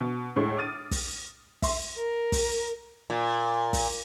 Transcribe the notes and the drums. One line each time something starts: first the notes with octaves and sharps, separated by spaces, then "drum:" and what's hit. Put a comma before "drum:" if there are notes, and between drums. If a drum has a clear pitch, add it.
B2
D2 A2 G#3
D6 D#6 F6 A6 D#7
drum: kick, open hi-hat
E5 C6, drum: kick, open hi-hat
A#4
drum: kick, open hi-hat
A#2
drum: kick, open hi-hat